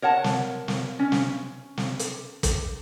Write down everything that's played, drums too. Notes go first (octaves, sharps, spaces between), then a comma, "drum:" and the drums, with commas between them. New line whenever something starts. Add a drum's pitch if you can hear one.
A#4 C#5 F#5 A5
drum: snare
drum: snare
C#4
drum: snare
drum: snare
drum: hi-hat
drum: kick, hi-hat